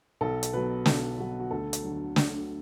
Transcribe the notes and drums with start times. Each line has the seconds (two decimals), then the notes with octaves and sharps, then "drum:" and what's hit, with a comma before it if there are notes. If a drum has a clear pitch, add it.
0.21 B1 A4
0.43 drum: hi-hat
0.53 B2 F#3 B4
0.86 B1 A4, drum: snare
1.18 B2 F#3 F#4
1.40 F#4
1.51 D2 A4
1.73 drum: hi-hat
1.83 D3 F#3
2.16 D2, drum: snare